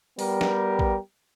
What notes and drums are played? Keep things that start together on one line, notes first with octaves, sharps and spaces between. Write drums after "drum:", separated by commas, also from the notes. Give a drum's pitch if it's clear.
G3 B3 G4 A#4, drum: open hi-hat
drum: snare
drum: kick A1